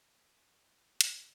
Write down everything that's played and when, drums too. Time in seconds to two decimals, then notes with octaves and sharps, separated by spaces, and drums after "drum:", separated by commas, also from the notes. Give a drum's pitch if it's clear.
0.17 E2
0.33 F6
0.46 D#7
0.62 F#1
0.75 C#5
0.88 F#5
1.01 G2, drum: hi-hat
1.18 C#2